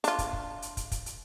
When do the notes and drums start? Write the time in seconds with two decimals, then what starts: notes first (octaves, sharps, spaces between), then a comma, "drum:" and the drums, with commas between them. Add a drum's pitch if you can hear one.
0.04 D4 F4, drum: hi-hat
0.19 drum: kick, hi-hat
0.33 drum: kick
0.62 drum: hi-hat
0.77 drum: kick, hi-hat
0.92 drum: kick, hi-hat
1.06 drum: hi-hat